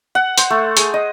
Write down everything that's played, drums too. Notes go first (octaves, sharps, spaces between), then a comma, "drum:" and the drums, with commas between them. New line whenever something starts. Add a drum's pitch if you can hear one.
F#5
C5, drum: hi-hat
A3
G#4, drum: hi-hat
D#5